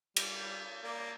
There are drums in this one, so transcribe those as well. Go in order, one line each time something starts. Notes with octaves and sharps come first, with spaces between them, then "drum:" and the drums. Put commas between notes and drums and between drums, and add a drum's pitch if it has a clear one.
G3, drum: cymbal
A#3 D5